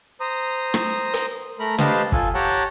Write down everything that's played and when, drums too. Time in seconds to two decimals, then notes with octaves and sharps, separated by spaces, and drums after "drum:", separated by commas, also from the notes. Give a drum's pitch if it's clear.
0.21 C5 A#5 D#6
0.74 drum: rim click
1.14 drum: hi-hat
1.60 A3 A#4 A#5 B5
1.79 G4 B4 C5 D#5 F5 A5, drum: snare
2.12 F4 A4 G#5, drum: kick
2.35 G4 C#5 F#5 G5 A5 A#5